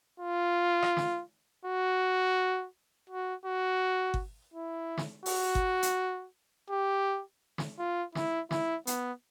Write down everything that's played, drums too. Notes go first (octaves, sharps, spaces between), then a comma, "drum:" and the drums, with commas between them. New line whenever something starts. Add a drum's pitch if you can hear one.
F4
drum: rim click
drum: snare
F#4
F#4
F#4
drum: kick G1
E4
drum: snare
F#4, drum: open hi-hat
drum: kick G1
drum: hi-hat
G4
drum: snare
F4
E4, drum: snare
E4, drum: snare
B3, drum: hi-hat